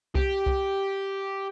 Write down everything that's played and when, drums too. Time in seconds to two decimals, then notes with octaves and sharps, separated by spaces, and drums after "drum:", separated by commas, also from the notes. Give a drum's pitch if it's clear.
0.15 G4, drum: kick C2
0.46 drum: kick C2